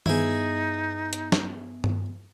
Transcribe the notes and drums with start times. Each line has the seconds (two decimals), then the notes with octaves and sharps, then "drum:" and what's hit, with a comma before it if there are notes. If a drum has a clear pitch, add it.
0.06 G2 B3 D#4 E4 G#4, drum: tom D#3
1.13 drum: hi-hat
1.32 drum: snare
1.84 drum: tom G2